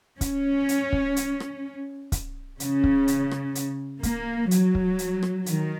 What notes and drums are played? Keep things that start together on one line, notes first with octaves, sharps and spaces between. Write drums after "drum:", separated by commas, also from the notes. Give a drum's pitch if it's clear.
C#4, drum: kick, hi-hat
drum: hi-hat
drum: kick
drum: hi-hat
drum: rim click
drum: kick, hi-hat
C#3, drum: hi-hat
drum: kick
drum: hi-hat
drum: rim click
drum: hi-hat
A#3, drum: kick, hi-hat
F#3, drum: hi-hat
drum: kick
drum: hi-hat
drum: rim click
D#3, drum: hi-hat